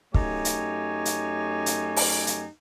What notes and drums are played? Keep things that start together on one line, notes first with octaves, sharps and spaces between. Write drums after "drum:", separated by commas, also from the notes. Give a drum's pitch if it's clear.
F#2 A3 D#4 G4 C#5 G#5, drum: kick
drum: hi-hat
drum: hi-hat
drum: hi-hat
drum: open hi-hat
drum: hi-hat